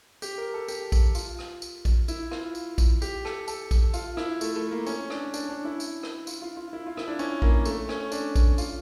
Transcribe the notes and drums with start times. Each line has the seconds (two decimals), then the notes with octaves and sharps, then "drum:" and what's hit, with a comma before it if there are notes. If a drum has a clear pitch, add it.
0.22 G4, drum: tambourine
0.38 A#4
0.54 A4
0.68 G4, drum: tambourine
0.92 drum: kick A#1, tambourine
1.15 F4, drum: tambourine
1.39 drum: rim click
1.62 drum: tambourine
1.85 drum: kick A#1, tambourine
2.08 E4, drum: tambourine
2.31 F4, drum: rim click
2.55 drum: tambourine
2.78 drum: kick A#1, tambourine
3.02 G4, drum: tambourine
3.25 A4, drum: rim click
3.48 A4, drum: tambourine
3.71 drum: kick A#1, tambourine
3.94 F4, drum: tambourine
4.17 E4, drum: rim click
4.41 A3, drum: tambourine
4.56 A3
4.71 A#3
4.86 C#4, drum: tambourine
5.10 D4, drum: rim click
5.34 D4, drum: tambourine
5.49 D4
5.65 E4
5.80 drum: tambourine
6.03 drum: rim click
6.27 F4, drum: tambourine
6.42 F4
6.57 F4
6.73 E4
6.86 F4
6.97 E4, drum: rim click
7.08 D4
7.19 C#4, drum: tambourine
7.42 A#3, drum: kick A#1
7.65 A3, drum: tambourine
7.89 C#4, drum: rim click
8.12 D4, drum: tambourine
8.36 drum: kick A#1, tambourine
8.58 F4, drum: tambourine